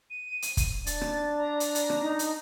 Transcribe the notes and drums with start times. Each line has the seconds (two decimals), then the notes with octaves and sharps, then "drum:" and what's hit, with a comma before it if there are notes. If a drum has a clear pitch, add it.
0.10 D#7
0.42 drum: hi-hat
0.57 drum: kick, hi-hat
0.87 D4 A6, drum: hi-hat
1.01 drum: rim click
1.38 D5 A#5
1.60 drum: hi-hat
1.75 drum: hi-hat
1.90 drum: rim click
2.01 D#4
2.19 drum: hi-hat